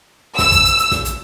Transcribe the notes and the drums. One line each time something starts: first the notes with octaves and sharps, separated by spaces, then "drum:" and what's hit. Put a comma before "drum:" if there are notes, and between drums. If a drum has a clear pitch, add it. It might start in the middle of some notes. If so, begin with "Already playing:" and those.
E6, drum: snare
drum: kick, hi-hat
drum: hi-hat
drum: hi-hat
drum: snare
drum: hi-hat